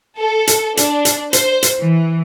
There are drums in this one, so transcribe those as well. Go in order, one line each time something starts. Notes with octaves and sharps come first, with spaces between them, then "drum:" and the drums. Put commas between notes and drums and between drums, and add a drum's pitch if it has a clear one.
A4
drum: hi-hat
D4, drum: hi-hat
drum: hi-hat
C5, drum: hi-hat
drum: hi-hat
E3